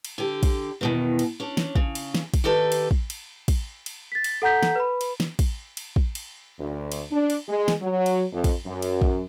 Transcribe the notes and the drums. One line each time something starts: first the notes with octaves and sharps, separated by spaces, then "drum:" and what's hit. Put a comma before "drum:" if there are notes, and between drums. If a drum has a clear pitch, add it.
drum: cymbal
D3 G4
drum: kick, cymbal
E2 B2 D#3
drum: cymbal
C#4 D4
drum: snare
C#3, drum: kick
drum: cymbal
drum: snare
drum: kick, cymbal
D#3 G4 A4 B4
drum: cymbal
drum: kick
drum: cymbal
drum: kick, cymbal
drum: cymbal
A6 B6
drum: cymbal
A4 F#5 A#5 G6 B6
drum: snare
B4 B5
drum: cymbal
drum: snare
drum: kick, cymbal
drum: cymbal
drum: kick
drum: cymbal
D2
drum: cymbal
D4
drum: cymbal
G#3
drum: snare
F#3
drum: cymbal
F2
drum: kick, cymbal
F#2
drum: cymbal
drum: kick